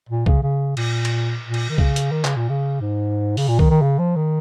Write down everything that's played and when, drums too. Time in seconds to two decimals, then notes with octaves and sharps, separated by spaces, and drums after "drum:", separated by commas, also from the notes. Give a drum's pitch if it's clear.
0.09 A#2
0.26 C#3, drum: kick
0.43 C#3
0.77 A#2, drum: cymbal
1.05 drum: cymbal
1.45 A#2
1.54 drum: cymbal
1.69 D#3
1.78 C#3, drum: kick
1.96 drum: hi-hat
2.12 D#3
2.25 C#3, drum: clap
2.36 A#2
2.49 C#3
2.81 G#2
3.37 C#3, drum: open hi-hat
3.48 A#2
3.59 D#3, drum: kick
3.71 D#3
3.82 C#3
3.99 F3
4.16 D#3